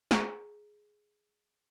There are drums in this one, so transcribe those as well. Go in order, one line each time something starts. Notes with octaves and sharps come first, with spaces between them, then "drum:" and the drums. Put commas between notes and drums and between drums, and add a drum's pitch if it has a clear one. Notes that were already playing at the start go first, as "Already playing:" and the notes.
G#4 A#5 C#6, drum: snare